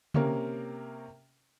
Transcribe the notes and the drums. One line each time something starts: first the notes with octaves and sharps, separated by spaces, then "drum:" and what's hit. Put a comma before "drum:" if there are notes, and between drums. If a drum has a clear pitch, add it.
C3 A#3 C#4 A#4, drum: tom C#3